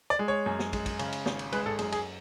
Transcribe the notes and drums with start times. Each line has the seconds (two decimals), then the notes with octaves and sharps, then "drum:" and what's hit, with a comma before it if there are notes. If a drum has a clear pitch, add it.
0.10 D5
0.19 G#3
0.28 C#5
0.46 F#2
0.59 drum: snare
0.73 G#3, drum: kick, cymbal
0.86 drum: kick, cymbal
0.99 C#3, drum: cymbal
1.12 drum: cymbal
1.26 G#1, drum: snare
1.39 drum: cymbal
1.52 G#3 B4, drum: cymbal
1.66 A4, drum: tom G#2
1.79 F#2 G#4, drum: cymbal
1.92 G#4, drum: cymbal